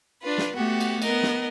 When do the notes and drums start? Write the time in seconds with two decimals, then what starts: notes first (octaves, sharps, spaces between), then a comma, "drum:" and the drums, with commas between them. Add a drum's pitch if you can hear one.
0.22 D4 F4 B4
0.38 drum: snare
0.56 A3 B3 F#4 G4
0.80 drum: cymbal
1.02 B3 A#4 D#5, drum: cymbal
1.23 drum: snare